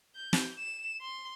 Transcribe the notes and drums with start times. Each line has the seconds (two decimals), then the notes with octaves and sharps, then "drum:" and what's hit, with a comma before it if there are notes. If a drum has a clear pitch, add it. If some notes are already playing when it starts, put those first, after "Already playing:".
0.15 G6
0.33 drum: snare
0.58 E7
1.02 C6